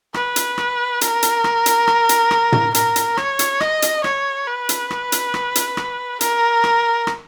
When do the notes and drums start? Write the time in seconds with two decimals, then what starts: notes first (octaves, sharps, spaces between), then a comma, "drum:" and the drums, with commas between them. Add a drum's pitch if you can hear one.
0.14 B4, drum: rim click
0.36 drum: hi-hat
0.58 drum: rim click
1.01 A#4, drum: hi-hat
1.23 drum: hi-hat
1.44 drum: rim click
1.66 drum: hi-hat
1.87 drum: rim click
2.09 drum: hi-hat
2.31 drum: rim click
2.52 drum: tom
2.74 A#4, drum: hi-hat
2.96 drum: hi-hat
3.17 C#5, drum: rim click
3.39 drum: hi-hat
3.61 D#5, drum: rim click
3.82 drum: hi-hat
4.04 C#5, drum: rim click
4.47 B4
4.69 drum: hi-hat
4.91 drum: rim click
5.12 drum: hi-hat
5.34 drum: rim click
5.55 drum: hi-hat
5.77 drum: rim click
6.21 A#4, drum: hi-hat
6.64 drum: rim click
7.07 drum: rim click